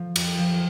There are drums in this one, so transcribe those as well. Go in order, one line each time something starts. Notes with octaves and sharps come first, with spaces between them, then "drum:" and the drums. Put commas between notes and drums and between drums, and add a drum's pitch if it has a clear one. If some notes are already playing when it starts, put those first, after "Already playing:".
Already playing: F3
F2, drum: cymbal
F3